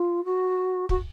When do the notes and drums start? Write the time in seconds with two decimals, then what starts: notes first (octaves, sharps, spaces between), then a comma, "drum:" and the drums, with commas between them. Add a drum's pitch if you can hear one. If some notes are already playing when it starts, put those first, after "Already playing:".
Already playing: F4
0.24 F#4
0.89 F#4, drum: kick